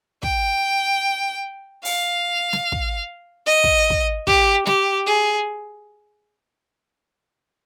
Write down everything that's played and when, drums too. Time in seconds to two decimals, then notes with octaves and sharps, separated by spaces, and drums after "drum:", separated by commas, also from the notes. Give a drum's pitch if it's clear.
0.23 G5, drum: kick
1.85 F5, drum: open hi-hat
2.53 drum: snare
2.72 drum: kick
3.46 D#5
3.64 drum: kick
3.90 drum: kick
4.27 G4, drum: kick
4.67 G4, drum: snare
5.07 G#4